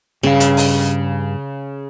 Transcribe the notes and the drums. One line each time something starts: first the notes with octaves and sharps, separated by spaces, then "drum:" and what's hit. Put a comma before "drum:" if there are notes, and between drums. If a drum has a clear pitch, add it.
G2 C#3 F5
drum: hi-hat
drum: open hi-hat